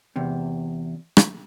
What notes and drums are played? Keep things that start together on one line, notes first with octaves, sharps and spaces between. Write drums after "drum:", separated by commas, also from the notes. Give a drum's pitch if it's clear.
E2 C3
drum: rim click